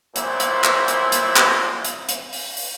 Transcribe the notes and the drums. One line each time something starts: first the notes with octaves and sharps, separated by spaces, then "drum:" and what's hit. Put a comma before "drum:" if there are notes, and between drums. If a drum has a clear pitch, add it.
A#1 A#2 F#3 E4 C5, drum: hi-hat
drum: hi-hat
drum: clap
drum: hi-hat
drum: hi-hat
drum: clap
drum: hi-hat
drum: hi-hat
drum: open hi-hat
drum: open hi-hat